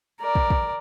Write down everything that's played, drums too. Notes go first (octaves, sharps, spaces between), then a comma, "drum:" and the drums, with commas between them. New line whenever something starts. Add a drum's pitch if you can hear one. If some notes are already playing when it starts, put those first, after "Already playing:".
A#4 D5
drum: kick
drum: kick